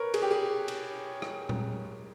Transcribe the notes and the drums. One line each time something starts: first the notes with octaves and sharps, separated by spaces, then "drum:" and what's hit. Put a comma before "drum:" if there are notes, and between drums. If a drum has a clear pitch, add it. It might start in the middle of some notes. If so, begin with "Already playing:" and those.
Already playing: A#4 B4 C#5
G#4, drum: cymbal
G4
G#4
drum: cymbal
drum: rim click
drum: tom A#2